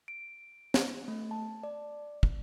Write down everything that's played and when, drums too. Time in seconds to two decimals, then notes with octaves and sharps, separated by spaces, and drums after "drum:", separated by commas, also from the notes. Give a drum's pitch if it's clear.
0.08 D7
0.74 drum: snare
1.08 A3
1.31 A5
1.63 D5
2.23 drum: kick